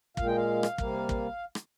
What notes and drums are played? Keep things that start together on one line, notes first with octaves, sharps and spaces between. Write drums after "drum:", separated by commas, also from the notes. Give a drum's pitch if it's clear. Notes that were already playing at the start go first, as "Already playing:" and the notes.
A#2 G#3 F5, drum: kick
G5
F5
drum: rim click
C3 G3 A#3, drum: kick
drum: kick
drum: rim click